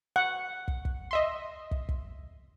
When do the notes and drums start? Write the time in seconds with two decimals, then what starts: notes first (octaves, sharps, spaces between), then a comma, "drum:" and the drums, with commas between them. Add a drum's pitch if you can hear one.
0.16 F#5
0.68 drum: kick
0.85 drum: kick
1.11 D#5 E5 C6
1.71 drum: kick
1.89 drum: kick